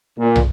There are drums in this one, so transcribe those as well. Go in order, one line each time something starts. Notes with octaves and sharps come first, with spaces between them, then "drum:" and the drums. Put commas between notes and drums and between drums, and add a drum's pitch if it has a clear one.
A#2
drum: tom